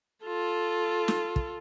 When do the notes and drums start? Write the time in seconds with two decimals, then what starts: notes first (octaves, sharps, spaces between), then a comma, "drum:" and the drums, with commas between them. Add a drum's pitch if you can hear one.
0.24 F4 A4
1.08 drum: snare
1.36 drum: kick